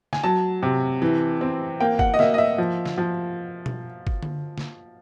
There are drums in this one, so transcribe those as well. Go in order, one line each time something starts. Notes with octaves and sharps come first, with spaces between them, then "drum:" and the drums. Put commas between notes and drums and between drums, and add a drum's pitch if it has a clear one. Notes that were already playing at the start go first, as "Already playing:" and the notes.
G#5, drum: snare
F#3 A5
C3
E3
C4
A#3 G5
F#5, drum: kick G1
D#5
A#3 E5, drum: snare
D#5
E5
F3
drum: snare
F3
drum: tom B2
drum: kick G1
drum: tom D3
drum: snare